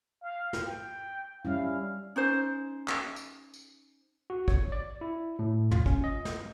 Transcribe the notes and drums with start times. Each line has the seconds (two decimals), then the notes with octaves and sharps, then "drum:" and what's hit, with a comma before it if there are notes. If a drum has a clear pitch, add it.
0.22 F5
0.53 drum: snare
0.65 G5
1.45 G3 C#4 E4 F5
2.16 C#4 D#4 C5
2.88 drum: clap
3.16 drum: tambourine
3.54 drum: tambourine
4.30 F#4
4.48 C#5, drum: kick
4.72 D5
5.01 E4
5.39 A2
5.71 F4, drum: tom
5.86 C#4, drum: kick
6.04 D#5
6.25 drum: snare